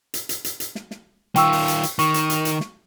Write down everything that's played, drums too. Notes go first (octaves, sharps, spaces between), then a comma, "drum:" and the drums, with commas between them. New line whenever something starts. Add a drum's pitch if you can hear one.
drum: hi-hat
drum: hi-hat
drum: hi-hat
drum: hi-hat
drum: snare
drum: snare
D#3 F4 G5 C#6 E6, drum: hi-hat
drum: open hi-hat
drum: hi-hat
drum: hi-hat
D#3 C#6, drum: hi-hat
drum: hi-hat
drum: hi-hat
drum: hi-hat
drum: snare